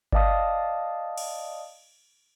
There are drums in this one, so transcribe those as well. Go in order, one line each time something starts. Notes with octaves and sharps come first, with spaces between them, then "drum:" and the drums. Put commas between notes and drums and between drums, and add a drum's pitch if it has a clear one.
D5 D#5 F5 A5 D#6, drum: kick G1
drum: cymbal